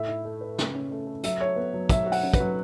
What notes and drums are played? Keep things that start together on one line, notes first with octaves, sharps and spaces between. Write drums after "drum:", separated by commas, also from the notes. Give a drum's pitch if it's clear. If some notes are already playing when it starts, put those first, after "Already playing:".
Already playing: A2 E5
E4
A3
B4
C#3, drum: snare
C#4
A3
A4
F#3 E5, drum: hi-hat
A4 C#5
B3
F#3
F#3 E5, drum: kick, hi-hat
F#4
F#5, drum: open hi-hat
C#4
B4, drum: kick, hi-hat
F#3